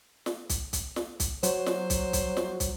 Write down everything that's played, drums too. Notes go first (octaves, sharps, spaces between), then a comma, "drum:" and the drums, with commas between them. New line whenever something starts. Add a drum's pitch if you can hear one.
drum: snare
drum: kick, hi-hat
drum: kick, hi-hat
drum: snare
drum: kick, hi-hat
F#3 C5, drum: hi-hat
drum: snare
drum: kick, hi-hat
drum: kick, hi-hat
drum: snare
drum: kick, hi-hat